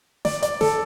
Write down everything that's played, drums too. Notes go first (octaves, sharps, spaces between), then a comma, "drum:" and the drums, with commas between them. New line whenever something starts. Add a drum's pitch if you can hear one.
D5, drum: snare
D5, drum: hi-hat
A4, drum: snare